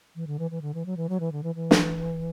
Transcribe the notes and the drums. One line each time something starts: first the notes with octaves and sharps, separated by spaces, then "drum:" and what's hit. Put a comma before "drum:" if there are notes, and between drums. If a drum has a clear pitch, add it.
E3
D3
E3
E3
D3
E3
F#3
E3
F#3
E3
D3
E3
E3
drum: snare